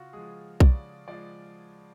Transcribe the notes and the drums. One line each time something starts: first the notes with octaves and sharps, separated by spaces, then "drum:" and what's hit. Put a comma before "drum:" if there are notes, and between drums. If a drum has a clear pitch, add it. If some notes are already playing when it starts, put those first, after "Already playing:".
Already playing: C#3 F4 F#4
F3 G#3 G#4
C#3 D5, drum: kick B1
F3 G#3 D5